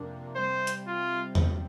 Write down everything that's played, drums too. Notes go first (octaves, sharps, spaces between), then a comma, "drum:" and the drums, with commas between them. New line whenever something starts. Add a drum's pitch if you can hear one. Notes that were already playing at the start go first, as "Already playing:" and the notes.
Already playing: F2 C3 A#3 D4
C3 G3 C4 C5
drum: hi-hat
F4
drum: tom E2